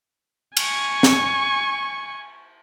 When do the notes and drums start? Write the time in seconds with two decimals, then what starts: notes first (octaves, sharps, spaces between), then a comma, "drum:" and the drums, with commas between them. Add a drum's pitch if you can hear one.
0.57 G#5 C#6, drum: cymbal
1.03 drum: snare